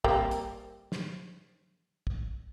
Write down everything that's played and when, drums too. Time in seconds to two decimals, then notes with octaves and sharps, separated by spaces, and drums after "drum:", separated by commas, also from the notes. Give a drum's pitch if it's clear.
0.04 G3 A#3 C4, drum: kick
0.31 drum: hi-hat
0.92 drum: snare
2.07 drum: kick